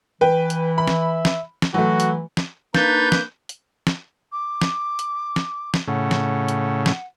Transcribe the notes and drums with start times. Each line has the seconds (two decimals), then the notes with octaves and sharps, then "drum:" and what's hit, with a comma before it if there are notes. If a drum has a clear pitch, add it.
0.21 E3 B4 G5
0.50 drum: hi-hat
0.78 E5 B5
0.88 drum: snare
1.25 drum: snare
1.62 drum: snare
1.74 E3 F#3 A3 F#4
2.00 drum: hi-hat
2.37 drum: snare
2.74 A#3 D4 D#4 B4 G6 A6, drum: snare
3.12 drum: snare
3.49 drum: hi-hat
3.87 drum: snare
4.32 D6
4.61 drum: snare
4.99 drum: hi-hat
5.36 drum: snare
5.74 drum: snare
5.88 A2 C#3 F#5
6.11 drum: snare
6.48 drum: hi-hat
6.86 drum: snare